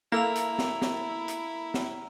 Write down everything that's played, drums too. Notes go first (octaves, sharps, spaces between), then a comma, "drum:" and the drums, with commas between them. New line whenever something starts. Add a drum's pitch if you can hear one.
A#3 E4 A4 A#5 E6 F7
drum: hi-hat
drum: snare
drum: snare
drum: hi-hat
drum: snare